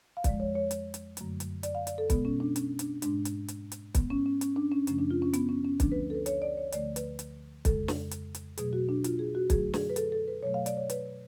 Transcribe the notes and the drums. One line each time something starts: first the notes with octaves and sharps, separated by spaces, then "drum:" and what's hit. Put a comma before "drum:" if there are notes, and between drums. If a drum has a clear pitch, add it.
F5
F2 F3 G#3 D5, drum: kick, hi-hat
C#5
C#5
drum: hi-hat
drum: hi-hat
F#2 D3 F#3 A3, drum: hi-hat
drum: hi-hat
D5, drum: hi-hat
F5
D5, drum: hi-hat
A4
B2 G#3 B3, drum: kick, hi-hat
C#4
D4
C#4, drum: hi-hat
D4, drum: hi-hat
G#2 G#3 D4, drum: hi-hat
drum: hi-hat
drum: hi-hat
drum: hi-hat
G#2 G#3 B3, drum: kick, hi-hat
C#4
C#4
C#4, drum: hi-hat
D4
C#4
F#2 C#3 F3 A3 C#4, drum: hi-hat
D4
F4
C#4
B3, drum: hi-hat
C#4
C#4
D2 D3 F3 A3 D4, drum: kick, hi-hat
B4
A4
B4
C#5, drum: hi-hat
D5
C#5
D2 D3 F3 A3 D5, drum: hi-hat
B4, drum: hi-hat
drum: hi-hat
F2 C#3 G#3 A4, drum: kick, hi-hat
drum: snare
drum: hi-hat
drum: hi-hat
B2 F#3 A3 G#4, drum: hi-hat
F#4
D4
F4, drum: hi-hat
G#4
F#4
F#2 D3 F#3 A3 G#4, drum: kick, hi-hat
G#4, drum: snare
B4
A4, drum: hi-hat
A4
B4
B2 F#3 A3 C#5
F5
D5, drum: hi-hat
C#5
B4, drum: hi-hat